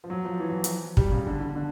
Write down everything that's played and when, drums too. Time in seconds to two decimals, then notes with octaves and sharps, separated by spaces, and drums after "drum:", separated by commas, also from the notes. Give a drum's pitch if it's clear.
0.04 F3
0.10 F#3
0.25 F3
0.40 E3
0.49 F#3
0.64 drum: hi-hat
0.97 G3, drum: kick
1.12 C#3
1.26 D3
1.40 D3
1.55 D3